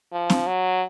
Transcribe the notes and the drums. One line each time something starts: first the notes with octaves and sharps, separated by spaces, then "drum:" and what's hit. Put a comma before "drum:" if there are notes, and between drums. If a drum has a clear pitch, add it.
F3
drum: snare
F#3